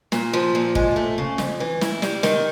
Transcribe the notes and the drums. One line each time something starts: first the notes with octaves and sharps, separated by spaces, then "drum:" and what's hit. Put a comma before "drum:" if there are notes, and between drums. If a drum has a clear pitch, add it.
A#2, drum: snare
F3
A#2
G#3, drum: kick
A3
C#3
F2, drum: snare
E3
E4, drum: snare
G3, drum: snare
D#3, drum: snare